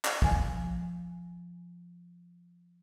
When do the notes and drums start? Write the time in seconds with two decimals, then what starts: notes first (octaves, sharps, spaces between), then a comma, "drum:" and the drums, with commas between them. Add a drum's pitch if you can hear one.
0.05 drum: clap
0.22 F3 G#5, drum: kick